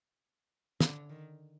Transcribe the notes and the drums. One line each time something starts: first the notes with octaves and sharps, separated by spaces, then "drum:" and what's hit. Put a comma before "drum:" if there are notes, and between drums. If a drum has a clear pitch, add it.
D3, drum: snare
D#3